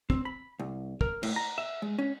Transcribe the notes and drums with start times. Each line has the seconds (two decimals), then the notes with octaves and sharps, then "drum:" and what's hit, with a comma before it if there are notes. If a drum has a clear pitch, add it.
0.10 C4, drum: kick
0.25 B5
0.59 C2
1.01 A#4, drum: kick
1.23 A2, drum: cymbal
1.36 A#5
1.58 E5
1.82 G#3
1.98 C#4